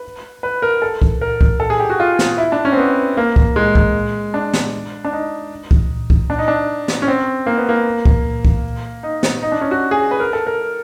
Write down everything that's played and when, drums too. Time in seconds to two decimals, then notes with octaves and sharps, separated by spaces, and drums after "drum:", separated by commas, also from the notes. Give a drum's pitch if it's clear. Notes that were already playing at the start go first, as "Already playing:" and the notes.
Already playing: B4
0.43 B4
0.62 A#4
0.82 A4
1.02 drum: kick C2
1.21 A#4
1.41 drum: kick C2
1.60 A4
1.70 G#4
1.80 G4
1.90 F#4
2.00 F4
2.19 drum: snare
2.38 E4
2.52 D4
2.65 C#4
2.72 C4
2.77 B3
3.17 A#3
3.36 drum: kick C2
3.56 G#3
3.75 drum: kick C2
4.34 D4
4.54 drum: snare
5.05 D4
5.13 D#4
5.71 drum: kick C2
6.10 drum: kick C2
6.30 D4
6.38 D#4
6.48 D4
6.88 drum: snare
7.02 C#4
7.08 C4
7.46 A#3
7.57 B3
7.69 A#3
8.05 drum: kick C2
8.45 drum: kick C2
9.03 D#4
9.23 drum: snare
9.43 D#4
9.52 D4
9.61 C#4
9.71 F#4
9.91 G#4
10.11 B4
10.20 A#4
10.33 A4
10.47 A#4